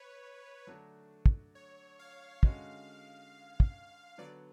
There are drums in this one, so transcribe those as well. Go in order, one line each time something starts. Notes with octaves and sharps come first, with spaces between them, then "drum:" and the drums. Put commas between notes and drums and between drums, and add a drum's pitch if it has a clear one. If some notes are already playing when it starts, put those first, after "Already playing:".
Already playing: B4 C#5
D3 F#3 A3 D4 F#4
drum: kick
C#5
F5
D3 G#3 C#4 F#4, drum: kick
drum: kick
D3 F#3 B3 D5